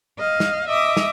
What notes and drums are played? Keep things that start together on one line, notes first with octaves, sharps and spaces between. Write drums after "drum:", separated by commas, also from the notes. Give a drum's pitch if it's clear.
D#5 F5
drum: snare
D#5 E5 D6 D#6
drum: snare